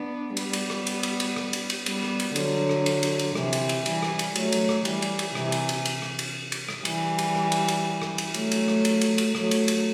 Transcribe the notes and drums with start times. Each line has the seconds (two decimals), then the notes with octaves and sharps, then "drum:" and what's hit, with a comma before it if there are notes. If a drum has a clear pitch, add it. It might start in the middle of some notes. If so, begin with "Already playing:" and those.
Already playing: B3 D4
0.37 G3 B3, drum: cymbal
0.53 drum: cymbal
0.70 drum: rim click
0.87 drum: cymbal
1.03 drum: cymbal
1.20 drum: cymbal
1.36 drum: rim click
1.53 drum: cymbal
1.70 drum: cymbal
1.86 G3 B3, drum: cymbal
2.03 drum: rim click
2.20 drum: cymbal
2.36 D3 F#3, drum: cymbal
2.69 drum: rim click
2.86 drum: cymbal
3.03 drum: cymbal
3.19 drum: cymbal
3.35 C3 E3, drum: rim click
3.53 drum: cymbal
3.69 drum: cymbal
3.86 E3 G3, drum: cymbal
4.03 drum: rim click
4.19 drum: cymbal
4.35 F#3 A3, drum: cymbal
4.52 drum: cymbal
4.69 drum: rim click
4.85 E3 G3, drum: cymbal
5.02 drum: cymbal
5.19 drum: cymbal
5.35 C3 E3, drum: rim click
5.52 drum: cymbal
5.69 drum: cymbal
5.85 drum: cymbal
6.02 drum: rim click
6.19 drum: cymbal
6.52 drum: cymbal
6.69 drum: rim click
6.85 E3 G3, drum: cymbal
7.18 drum: cymbal
7.35 drum: rim click
7.52 drum: cymbal
7.68 drum: cymbal
8.02 drum: rim click
8.18 drum: cymbal
8.34 F#3 A3, drum: cymbal
8.51 drum: cymbal
8.68 drum: rim click
8.85 drum: cymbal
9.01 drum: cymbal
9.18 drum: cymbal
9.35 F#3 A3, drum: rim click
9.51 drum: cymbal
9.68 drum: cymbal